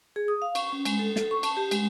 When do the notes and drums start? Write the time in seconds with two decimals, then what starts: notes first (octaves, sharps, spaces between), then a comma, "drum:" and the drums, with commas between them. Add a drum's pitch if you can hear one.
0.16 G#4
0.28 D#6
0.42 F5
0.55 C#6, drum: cymbal
0.73 C#4
0.85 G#3, drum: cymbal
0.99 A4
1.16 A4, drum: snare
1.31 C#6
1.43 A5, drum: cymbal
1.57 G4
1.71 G#3, drum: cymbal